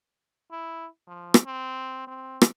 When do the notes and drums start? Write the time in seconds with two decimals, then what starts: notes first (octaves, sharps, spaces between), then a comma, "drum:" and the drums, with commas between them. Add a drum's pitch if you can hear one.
0.51 E4
1.07 F3
1.34 drum: rim click
1.46 C4
2.07 C4
2.42 drum: rim click